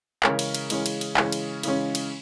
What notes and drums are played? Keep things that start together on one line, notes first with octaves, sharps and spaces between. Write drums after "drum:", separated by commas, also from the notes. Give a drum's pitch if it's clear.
C#3 E3 G#3 C#4 A#4 C#5, drum: clap
drum: cymbal
drum: cymbal
C#3 E3 G#3 C#4, drum: cymbal
drum: cymbal
drum: cymbal
C#3 E3 G#3 C#4, drum: clap
drum: cymbal
C#3 E3 G#3 C#4, drum: cymbal
drum: cymbal